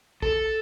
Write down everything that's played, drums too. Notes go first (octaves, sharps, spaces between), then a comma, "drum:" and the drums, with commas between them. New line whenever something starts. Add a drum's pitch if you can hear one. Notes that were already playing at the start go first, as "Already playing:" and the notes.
A4, drum: kick